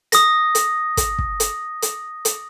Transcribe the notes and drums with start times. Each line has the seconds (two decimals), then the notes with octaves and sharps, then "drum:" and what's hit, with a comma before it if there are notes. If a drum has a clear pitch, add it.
0.12 D#6 A#6, drum: hi-hat
0.55 drum: hi-hat
0.97 drum: kick, hi-hat
1.19 drum: kick
1.40 drum: hi-hat
1.82 drum: hi-hat
2.25 drum: hi-hat